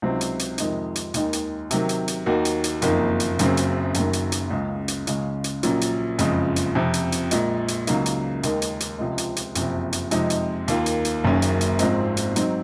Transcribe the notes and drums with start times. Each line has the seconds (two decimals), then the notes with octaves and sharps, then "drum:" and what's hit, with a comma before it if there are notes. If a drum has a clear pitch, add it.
0.02 C#2 C3 F#3 C4 D#4
0.21 drum: hi-hat
0.39 drum: hi-hat
0.58 F2 C3 D#3 G#3 D#4, drum: hi-hat
0.96 drum: hi-hat
1.14 D#2 D#3 G#3 D#4, drum: hi-hat
1.33 drum: hi-hat
1.71 C3 D#3 F#3, drum: hi-hat
1.89 drum: hi-hat
2.08 drum: hi-hat
2.26 D#2 D#3 A#3 D#4 F#4
2.45 drum: hi-hat
2.64 drum: hi-hat
2.82 F#1 F2 D#3 A#3 D#4, drum: hi-hat
3.20 drum: hi-hat
3.39 F#1 F#2 C#3 F#3 C4, drum: hi-hat
3.57 drum: hi-hat
3.94 F#1 F#2 D#3 F#3, drum: hi-hat
4.13 drum: hi-hat
4.32 drum: hi-hat
4.51 C#2 C#3 G#3
4.88 drum: hi-hat
5.07 C#2 C#3 G#3, drum: hi-hat
5.44 drum: hi-hat
5.63 A#1 A#2 F#3 C#4, drum: hi-hat
5.81 drum: hi-hat
6.19 F#1 F2 C#3 G#3, drum: hi-hat
6.56 drum: hi-hat
6.75 F2 C3 F3
6.94 drum: hi-hat
7.12 drum: hi-hat
7.31 A#1 A#2 G#3, drum: hi-hat
7.68 drum: hi-hat
7.87 C#2 C#3 F#3 A#3 D#4, drum: hi-hat
8.06 drum: hi-hat
8.43 D#2 D#3 G#3, drum: hi-hat
8.62 drum: hi-hat
8.80 drum: hi-hat
8.99 C#2 C3 F3 G#3
9.18 drum: hi-hat
9.36 drum: hi-hat
9.55 F#1 F2 C3, drum: hi-hat
9.93 drum: hi-hat
10.11 F2 C3 F3 G#3 D#4, drum: hi-hat
10.30 drum: hi-hat
10.68 D#2 D#3 A#3 F4, drum: hi-hat
10.86 drum: hi-hat
11.05 drum: hi-hat
11.24 F#1 F#2 D#3 A#3 C#4
11.42 drum: hi-hat
11.61 drum: hi-hat
11.79 G#1 G#2 F3 G#3 C4, drum: hi-hat
12.17 drum: hi-hat
12.36 G#2 F#3 C4 D#4, drum: hi-hat